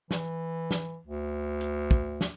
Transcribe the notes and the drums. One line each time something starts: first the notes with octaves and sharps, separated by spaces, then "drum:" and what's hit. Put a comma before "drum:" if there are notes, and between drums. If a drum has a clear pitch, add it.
E3, drum: snare
drum: snare
D2
drum: hi-hat
drum: kick
drum: snare